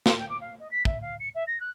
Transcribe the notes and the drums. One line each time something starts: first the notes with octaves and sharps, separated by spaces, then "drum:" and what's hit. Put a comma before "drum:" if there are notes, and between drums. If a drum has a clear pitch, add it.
C6, drum: snare
G5
D6
F5
D#5
B6
E5, drum: kick
F5
C#7
E5
A#6
F#6